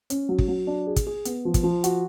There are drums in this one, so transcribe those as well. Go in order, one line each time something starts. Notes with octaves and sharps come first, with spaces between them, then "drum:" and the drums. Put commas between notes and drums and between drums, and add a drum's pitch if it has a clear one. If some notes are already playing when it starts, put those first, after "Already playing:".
C#4, drum: hi-hat
F#3
drum: kick
F#3
D4
G#4
drum: kick, hi-hat
G#4
B3, drum: hi-hat
F3
drum: kick, hi-hat
F3
F#4, drum: hi-hat